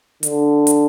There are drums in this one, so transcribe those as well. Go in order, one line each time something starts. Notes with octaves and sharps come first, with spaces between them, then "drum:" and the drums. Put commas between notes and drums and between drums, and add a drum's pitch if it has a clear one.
D3, drum: hi-hat
drum: hi-hat